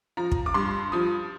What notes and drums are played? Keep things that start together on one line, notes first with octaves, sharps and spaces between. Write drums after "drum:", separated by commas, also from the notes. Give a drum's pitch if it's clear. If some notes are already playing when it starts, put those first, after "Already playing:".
F3 A#5
drum: kick
D6
G2 C6
F3 D#6